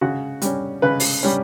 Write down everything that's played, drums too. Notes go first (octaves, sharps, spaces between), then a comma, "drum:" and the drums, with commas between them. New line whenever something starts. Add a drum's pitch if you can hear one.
C#3 F#4
G3 C#4, drum: hi-hat
C#3 B4
drum: open hi-hat
G3 C#4